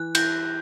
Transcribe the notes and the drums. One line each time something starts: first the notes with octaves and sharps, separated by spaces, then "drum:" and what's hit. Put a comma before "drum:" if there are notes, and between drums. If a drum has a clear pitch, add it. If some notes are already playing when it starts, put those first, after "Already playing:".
Already playing: E3 F#6
E4 G6, drum: cymbal